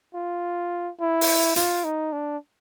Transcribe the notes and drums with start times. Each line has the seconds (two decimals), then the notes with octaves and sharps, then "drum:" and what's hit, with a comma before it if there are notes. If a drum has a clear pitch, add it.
0.14 F4
1.00 E4
1.21 drum: open hi-hat
1.56 F4, drum: hi-hat
1.84 D#4
2.12 D4